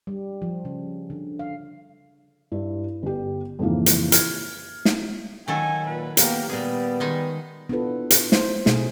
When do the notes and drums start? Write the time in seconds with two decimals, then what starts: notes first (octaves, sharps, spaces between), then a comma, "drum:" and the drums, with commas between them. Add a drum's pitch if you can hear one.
0.07 G3
0.42 F3
0.65 C#3
1.10 D3
1.39 F5
2.52 G2 E4
3.03 G1 G4
3.59 F2 G#2 C#3 E3 A#3
3.86 drum: hi-hat
4.12 F6 G#6, drum: hi-hat
4.85 drum: snare
5.48 D#3 F#3 A4 G#5
5.87 A#2 B4
6.17 A#3 B3 G4, drum: hi-hat
6.50 A#2 G3 B3 G#4
7.00 D#3 G#3 D#4
7.69 B3 D4 E4 F4 A4 B4
8.10 drum: hi-hat
8.32 C5, drum: snare
8.66 B2 A3 G#4, drum: snare